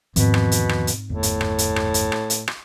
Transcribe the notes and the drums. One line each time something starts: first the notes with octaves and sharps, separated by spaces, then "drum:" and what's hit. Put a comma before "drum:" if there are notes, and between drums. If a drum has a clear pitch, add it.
E2 G#2 B2 D#3 F3 C4, drum: hi-hat
drum: rim click
drum: hi-hat
drum: rim click
drum: hi-hat
G1 E2 A2
drum: hi-hat
drum: rim click
drum: hi-hat
drum: rim click
drum: hi-hat
drum: rim click
drum: hi-hat
drum: rim click